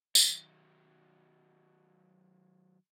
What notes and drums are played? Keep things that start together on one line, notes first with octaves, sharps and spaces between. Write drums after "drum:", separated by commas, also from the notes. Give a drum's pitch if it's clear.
D#3 F#3, drum: tambourine